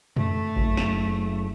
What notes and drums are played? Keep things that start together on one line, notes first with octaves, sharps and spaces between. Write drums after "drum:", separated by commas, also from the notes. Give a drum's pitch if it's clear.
A3, drum: tom
F#1, drum: kick A1
drum: snare